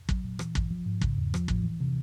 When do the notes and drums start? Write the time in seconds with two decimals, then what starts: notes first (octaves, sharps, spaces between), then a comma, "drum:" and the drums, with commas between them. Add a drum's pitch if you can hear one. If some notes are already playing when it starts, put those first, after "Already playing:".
0.09 F#3, drum: kick
0.24 A#2
0.39 E3, drum: rim click
0.55 G2, drum: kick
0.71 F3
0.86 G#2
1.01 C#3, drum: kick
1.18 E2
1.34 F3, drum: rim click
1.48 A2, drum: kick
1.64 E3
1.81 C3